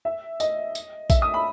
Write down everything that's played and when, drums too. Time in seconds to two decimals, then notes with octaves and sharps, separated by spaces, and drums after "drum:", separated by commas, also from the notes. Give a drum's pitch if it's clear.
0.05 E5
0.40 D#5, drum: tambourine
0.75 drum: tambourine
1.10 E5, drum: kick A#1, tambourine
1.22 D#6
1.34 B5